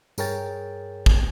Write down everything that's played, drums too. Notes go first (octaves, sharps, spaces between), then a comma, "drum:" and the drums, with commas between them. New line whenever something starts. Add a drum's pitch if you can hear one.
G2 G#4 A#4 C#5 G5 A6, drum: tambourine
drum: kick